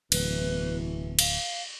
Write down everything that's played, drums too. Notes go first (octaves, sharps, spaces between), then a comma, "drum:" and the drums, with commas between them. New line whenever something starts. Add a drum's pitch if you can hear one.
D1 E2 B2 E3 B4, drum: cymbal
F5, drum: cymbal